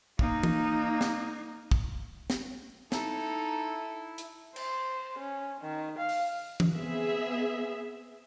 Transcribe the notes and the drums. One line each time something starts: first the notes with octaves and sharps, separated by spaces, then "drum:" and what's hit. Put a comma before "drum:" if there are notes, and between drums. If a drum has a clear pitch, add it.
A#3 D#4, drum: kick
drum: tom
drum: snare
drum: kick
drum: snare
D#4 E4 A4, drum: snare
drum: hi-hat
C5, drum: cymbal
C#4
D#3
F5
drum: open hi-hat
drum: tom
B3 C4 G#4 E5